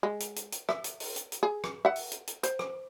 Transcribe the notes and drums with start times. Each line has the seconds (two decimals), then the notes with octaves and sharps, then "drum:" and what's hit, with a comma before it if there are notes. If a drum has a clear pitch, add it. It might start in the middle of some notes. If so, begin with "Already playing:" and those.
0.03 G#3
0.20 drum: hi-hat
0.36 drum: hi-hat
0.52 drum: hi-hat
0.69 E5, drum: rim click
0.84 drum: hi-hat
1.00 drum: open hi-hat
1.16 drum: hi-hat
1.32 drum: hi-hat
1.43 G#4
1.64 drum: rim click
1.85 E5 F#5
1.96 drum: open hi-hat
2.12 drum: hi-hat
2.27 drum: hi-hat
2.43 C5, drum: hi-hat
2.59 drum: rim click